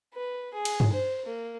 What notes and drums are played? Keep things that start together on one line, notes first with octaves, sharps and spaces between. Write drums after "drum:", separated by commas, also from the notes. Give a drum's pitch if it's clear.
B4
G#4
drum: cymbal
drum: tom G2
C5
A#3